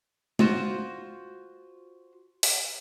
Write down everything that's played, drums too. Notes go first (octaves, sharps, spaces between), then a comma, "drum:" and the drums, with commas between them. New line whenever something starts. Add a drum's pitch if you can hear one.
F4 F#4 C5, drum: tom G#3
drum: open hi-hat